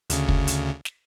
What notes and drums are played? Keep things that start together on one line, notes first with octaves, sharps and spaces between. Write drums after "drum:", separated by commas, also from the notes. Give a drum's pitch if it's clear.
D2 C#3, drum: hi-hat
drum: kick
drum: hi-hat
drum: snare